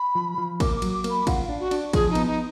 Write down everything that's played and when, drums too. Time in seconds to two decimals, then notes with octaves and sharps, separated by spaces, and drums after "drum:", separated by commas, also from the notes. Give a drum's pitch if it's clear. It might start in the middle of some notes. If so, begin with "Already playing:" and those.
Already playing: B5
0.15 F3
0.38 F3
0.60 A#3 D6, drum: kick A1, cymbal
0.77 D6
0.82 F#3, drum: cymbal
0.94 D6
1.04 A#3, drum: cymbal
1.10 B5
1.27 F4 F#5, drum: kick A1, cymbal
1.44 F5
1.49 D4
1.60 F#4
1.71 D4, drum: cymbal
1.93 F3 G#4, drum: kick A1, cymbal
2.10 D#4
2.15 B3, drum: cymbal
2.26 D#4